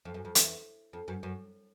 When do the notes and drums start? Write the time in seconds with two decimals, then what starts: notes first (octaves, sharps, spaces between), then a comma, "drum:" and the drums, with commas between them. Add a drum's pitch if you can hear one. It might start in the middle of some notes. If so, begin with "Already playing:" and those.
0.05 F2
0.14 F#2
0.25 F2
0.35 E2, drum: hi-hat
0.93 F2
1.08 F#2
1.23 F#2